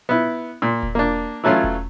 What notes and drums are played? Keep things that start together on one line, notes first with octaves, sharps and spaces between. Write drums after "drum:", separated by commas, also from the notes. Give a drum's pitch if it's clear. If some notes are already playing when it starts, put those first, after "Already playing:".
B3 E4
A#2
drum: kick E1
A#3 D4
E3 F#3 A3 C#4 F4
drum: kick E1